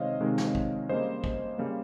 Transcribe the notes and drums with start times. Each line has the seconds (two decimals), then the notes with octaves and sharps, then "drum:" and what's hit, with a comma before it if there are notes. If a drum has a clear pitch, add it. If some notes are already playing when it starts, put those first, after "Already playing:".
Already playing: C3 D#3 G#3 C5 C#5 D#5 F5
0.21 C3 D#3 G#3
0.38 drum: snare
0.55 drum: kick
0.89 C#3 G3 A#3 C5 D#5
1.24 drum: kick
1.58 C#3 G3 A#3